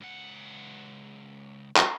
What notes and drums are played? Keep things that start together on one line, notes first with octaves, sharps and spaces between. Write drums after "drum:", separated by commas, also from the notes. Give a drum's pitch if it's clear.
C#2 F#5
drum: clap